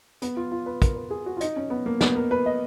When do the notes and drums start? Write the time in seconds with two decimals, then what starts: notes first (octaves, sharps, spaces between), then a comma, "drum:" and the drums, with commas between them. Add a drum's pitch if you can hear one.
0.22 B3, drum: hi-hat
0.37 F4
0.52 F4
0.66 B4
0.82 A#4, drum: kick, hi-hat
0.96 B4
1.11 G#4
1.26 F#4
1.37 F4
1.41 D#4, drum: hi-hat
1.56 C#4
1.70 B3
1.86 A#3
2.01 B3, drum: snare
2.16 A#4
2.31 B4
2.46 D#5